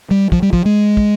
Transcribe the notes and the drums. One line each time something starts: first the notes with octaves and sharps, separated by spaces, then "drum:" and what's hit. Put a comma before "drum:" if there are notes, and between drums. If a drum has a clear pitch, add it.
G3
F3, drum: kick
G3
F3, drum: kick
G#3
drum: kick